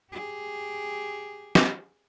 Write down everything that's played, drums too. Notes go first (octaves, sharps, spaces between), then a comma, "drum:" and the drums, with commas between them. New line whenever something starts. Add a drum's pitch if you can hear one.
G4 G#4
drum: snare